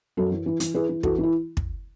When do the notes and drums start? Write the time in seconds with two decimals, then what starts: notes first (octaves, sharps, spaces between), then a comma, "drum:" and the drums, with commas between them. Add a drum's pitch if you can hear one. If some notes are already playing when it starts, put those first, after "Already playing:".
0.17 F#2 F#4 A4
0.31 E3
0.46 E3
0.60 E3, drum: hi-hat
0.74 E3 G#4 B4
0.89 E3
1.03 E3 F#4 A4, drum: kick
1.18 E3
1.23 E4
1.57 drum: kick